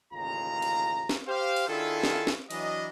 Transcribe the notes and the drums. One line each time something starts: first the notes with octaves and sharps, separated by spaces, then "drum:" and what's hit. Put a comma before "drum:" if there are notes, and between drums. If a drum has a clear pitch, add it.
A1 D#2 C#3 F4 A#5
drum: cymbal
drum: snare
G4 C5 F5
drum: cymbal
D#3 D4 E4 F4 G#4 A4
drum: snare
drum: snare
E3 F#3 D4 D#5, drum: cymbal